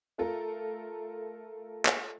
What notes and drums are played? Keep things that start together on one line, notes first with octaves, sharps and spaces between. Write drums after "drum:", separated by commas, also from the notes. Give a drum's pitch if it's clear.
A3 F4 A4 A#4
drum: clap